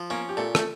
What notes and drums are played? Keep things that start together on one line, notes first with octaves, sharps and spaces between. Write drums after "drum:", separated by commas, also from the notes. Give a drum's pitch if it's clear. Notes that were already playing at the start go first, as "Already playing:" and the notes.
Already playing: F3
A#3 C#4 A#4
G4
A#2 A3 A4
A3 A4, drum: rim click